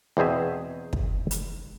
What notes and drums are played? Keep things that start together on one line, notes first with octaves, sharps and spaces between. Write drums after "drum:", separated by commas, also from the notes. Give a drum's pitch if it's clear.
E2 B2 C4 G#4 E5
drum: kick
drum: hi-hat